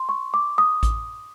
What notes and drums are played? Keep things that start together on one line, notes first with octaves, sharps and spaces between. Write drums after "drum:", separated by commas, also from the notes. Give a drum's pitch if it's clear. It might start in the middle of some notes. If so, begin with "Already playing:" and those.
Already playing: C6
C#6
D6
D#6
drum: kick A1, hi-hat